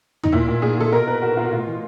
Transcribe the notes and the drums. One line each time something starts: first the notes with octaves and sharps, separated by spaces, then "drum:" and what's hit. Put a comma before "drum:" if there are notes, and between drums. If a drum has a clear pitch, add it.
D#4, drum: tom
A#2 E4
A#2
A#2 G#4
A#2 A4
B2 A#4
B2 B4
B2 F#4
B2 F4
F#4
A2 F4
E3